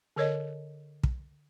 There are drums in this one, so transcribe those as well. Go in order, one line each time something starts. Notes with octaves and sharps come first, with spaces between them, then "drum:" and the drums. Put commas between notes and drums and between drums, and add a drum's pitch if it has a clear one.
D3 A#4 C#5 D#5
drum: kick